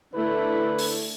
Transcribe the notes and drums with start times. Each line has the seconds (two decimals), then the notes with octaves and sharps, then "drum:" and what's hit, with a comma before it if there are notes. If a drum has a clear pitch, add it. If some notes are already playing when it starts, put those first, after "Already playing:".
0.14 D3 A3 E4 B4
0.78 drum: open hi-hat